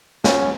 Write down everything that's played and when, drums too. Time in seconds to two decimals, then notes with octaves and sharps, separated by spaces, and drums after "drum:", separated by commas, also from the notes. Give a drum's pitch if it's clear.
0.24 C#4, drum: snare